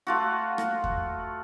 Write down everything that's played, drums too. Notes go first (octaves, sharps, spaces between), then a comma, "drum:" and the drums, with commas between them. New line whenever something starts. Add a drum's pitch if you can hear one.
A3 F4 F#4
drum: rim click
drum: kick E2